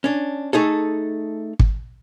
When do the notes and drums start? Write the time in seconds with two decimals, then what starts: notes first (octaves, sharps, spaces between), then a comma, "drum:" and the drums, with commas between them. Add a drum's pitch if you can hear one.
0.04 C#4 D4
0.53 A3 D#4 G#4 A4
1.59 drum: kick